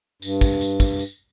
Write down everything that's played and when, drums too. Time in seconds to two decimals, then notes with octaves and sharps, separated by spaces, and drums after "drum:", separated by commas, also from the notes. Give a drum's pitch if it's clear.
0.22 G2, drum: tambourine
0.41 drum: kick, tambourine
0.61 drum: tambourine
0.80 drum: kick, tambourine
0.99 drum: tambourine